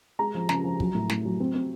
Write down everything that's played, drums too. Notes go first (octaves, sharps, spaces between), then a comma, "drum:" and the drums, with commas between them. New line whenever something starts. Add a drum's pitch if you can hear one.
G#3 A#5
F3
C#3 A#5, drum: snare
F3
F#3, drum: kick
A2
A2, drum: snare
F#3
C4
C4